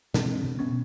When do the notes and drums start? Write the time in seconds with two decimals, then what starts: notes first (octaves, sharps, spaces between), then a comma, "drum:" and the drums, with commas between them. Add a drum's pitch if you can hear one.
0.14 B2 C4 D4, drum: snare
0.44 B2
0.59 B3 C#4